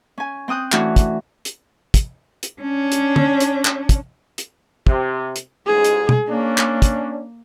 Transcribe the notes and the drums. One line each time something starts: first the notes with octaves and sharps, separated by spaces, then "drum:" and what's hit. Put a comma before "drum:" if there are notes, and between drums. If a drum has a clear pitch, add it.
C#4 G#5
C4 G5 D#6 F#6 G6
E3 A3 C#4 D4 F#4, drum: clap
drum: kick, hi-hat
drum: hi-hat
drum: kick, hi-hat
drum: hi-hat
C#4 D4
drum: hi-hat
drum: tom
drum: hi-hat
drum: clap
drum: kick, hi-hat
drum: hi-hat
C3, drum: kick
drum: hi-hat
A1 G#2 G#4
drum: hi-hat
drum: tom B2
A#3 C#4 D4
drum: clap
drum: kick, hi-hat